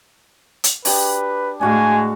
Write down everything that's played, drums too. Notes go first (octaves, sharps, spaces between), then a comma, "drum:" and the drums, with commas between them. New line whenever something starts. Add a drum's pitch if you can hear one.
drum: hi-hat
D4 G4 B4 D#6, drum: open hi-hat
A2 G#3 D4 F#4 F5 G#5